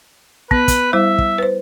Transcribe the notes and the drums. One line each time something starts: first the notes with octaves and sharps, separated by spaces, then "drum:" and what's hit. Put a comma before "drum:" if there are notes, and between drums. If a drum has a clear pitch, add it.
B3 B4, drum: kick
drum: kick, hi-hat
G3 E4 C5 E5
drum: kick
B4 C5